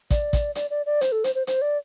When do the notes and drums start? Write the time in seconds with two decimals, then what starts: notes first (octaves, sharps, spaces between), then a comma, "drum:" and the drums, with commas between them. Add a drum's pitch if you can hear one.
0.11 D5, drum: kick, hi-hat
0.33 drum: kick, hi-hat
0.55 D5, drum: hi-hat
0.70 D5
0.86 D5
1.01 C5, drum: hi-hat
1.12 A4
1.24 C5, drum: hi-hat
1.35 C5
1.47 C5, drum: hi-hat
1.62 D5